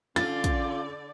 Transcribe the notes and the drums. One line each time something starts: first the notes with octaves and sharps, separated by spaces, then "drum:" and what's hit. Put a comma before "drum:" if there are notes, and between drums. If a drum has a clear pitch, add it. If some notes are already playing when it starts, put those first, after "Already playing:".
D3 C#4 F4 D5 A6, drum: snare
drum: kick, hi-hat